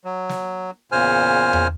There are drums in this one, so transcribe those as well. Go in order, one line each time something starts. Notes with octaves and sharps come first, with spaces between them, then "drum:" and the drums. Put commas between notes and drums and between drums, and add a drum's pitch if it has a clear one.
F#3
drum: snare
E2 A#2 C#3 C5 G#5 F6
drum: tom E2